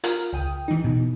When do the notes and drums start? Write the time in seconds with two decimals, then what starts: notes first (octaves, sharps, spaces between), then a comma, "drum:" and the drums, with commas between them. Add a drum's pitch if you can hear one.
0.04 F4 A#4 F6, drum: hi-hat
0.33 C#2 G5 D#6
0.68 E3 D#4
0.84 B2